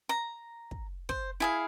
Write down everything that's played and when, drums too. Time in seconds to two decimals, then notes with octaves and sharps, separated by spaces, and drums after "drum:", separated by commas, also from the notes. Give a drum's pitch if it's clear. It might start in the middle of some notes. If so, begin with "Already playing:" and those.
0.09 A#5
0.71 drum: kick
1.09 C5, drum: kick
1.40 E4 G#4 F5